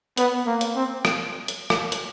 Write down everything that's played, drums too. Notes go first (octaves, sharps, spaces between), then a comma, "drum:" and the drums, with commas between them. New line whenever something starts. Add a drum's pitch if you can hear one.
B3, drum: hi-hat
A#3
drum: hi-hat
C4
drum: rim click
drum: hi-hat
drum: rim click
drum: hi-hat